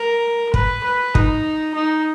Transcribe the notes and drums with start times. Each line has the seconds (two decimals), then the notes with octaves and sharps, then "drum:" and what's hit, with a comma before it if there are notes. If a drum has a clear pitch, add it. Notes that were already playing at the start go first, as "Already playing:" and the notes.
Already playing: A#4
0.54 B4, drum: kick
0.84 B4
1.15 D#4, drum: kick
1.75 D#4